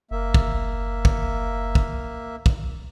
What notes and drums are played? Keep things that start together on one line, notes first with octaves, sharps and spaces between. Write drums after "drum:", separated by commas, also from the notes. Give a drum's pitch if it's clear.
F#1 A#3 E5
drum: kick
drum: kick
drum: kick
drum: kick